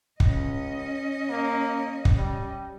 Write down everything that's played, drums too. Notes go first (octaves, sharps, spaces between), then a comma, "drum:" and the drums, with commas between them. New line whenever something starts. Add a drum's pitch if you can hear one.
C#2 C#4 D#5, drum: kick
A#3
drum: kick
G3